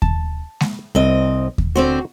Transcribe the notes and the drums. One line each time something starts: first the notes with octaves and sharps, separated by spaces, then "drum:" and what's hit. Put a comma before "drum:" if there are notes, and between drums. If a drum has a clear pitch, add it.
A5, drum: kick D#2
drum: snare G#3
C2 C4 D#5
drum: kick D#2
D3 C4 F#4 C5